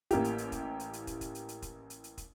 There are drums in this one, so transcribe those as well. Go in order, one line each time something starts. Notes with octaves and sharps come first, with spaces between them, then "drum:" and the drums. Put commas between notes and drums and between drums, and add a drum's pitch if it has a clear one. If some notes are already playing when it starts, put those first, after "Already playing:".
A1 A#3 E4 G4, drum: kick, hi-hat
drum: hi-hat
drum: hi-hat
drum: kick, hi-hat
drum: hi-hat
drum: hi-hat
drum: kick, hi-hat
drum: kick, hi-hat
drum: hi-hat
drum: hi-hat
drum: kick, hi-hat
drum: hi-hat
drum: hi-hat
drum: kick, hi-hat